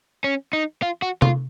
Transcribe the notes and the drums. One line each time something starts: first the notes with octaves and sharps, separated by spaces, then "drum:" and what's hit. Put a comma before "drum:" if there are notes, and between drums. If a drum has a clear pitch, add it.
C#4
D#4
F4
F#4
F4, drum: tom C3